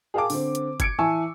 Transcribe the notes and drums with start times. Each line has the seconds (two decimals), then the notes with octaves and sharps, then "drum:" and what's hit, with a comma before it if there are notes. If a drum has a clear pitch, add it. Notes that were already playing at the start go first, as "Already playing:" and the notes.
0.14 G#4 A#4 F5 G5 A5 D6
0.30 D3 C4, drum: open hi-hat
0.55 drum: hi-hat
0.80 G#6 C#7 D7, drum: kick, hi-hat
0.98 E3 E4 G#5 A5 C#6 E6